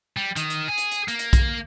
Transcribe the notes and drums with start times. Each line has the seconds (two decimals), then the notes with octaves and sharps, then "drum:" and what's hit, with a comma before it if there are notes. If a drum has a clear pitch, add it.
0.17 G3
0.36 D#3, drum: hi-hat
0.50 drum: hi-hat
0.68 G#4
0.78 drum: hi-hat
0.92 drum: hi-hat
1.08 A#3, drum: hi-hat
1.19 drum: hi-hat
1.33 drum: kick B1, hi-hat